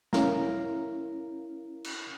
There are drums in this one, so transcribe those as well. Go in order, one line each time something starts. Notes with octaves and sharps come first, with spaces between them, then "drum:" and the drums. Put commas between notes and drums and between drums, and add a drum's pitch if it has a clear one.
C#4 E4 A#4 F5 A#5, drum: snare
drum: cymbal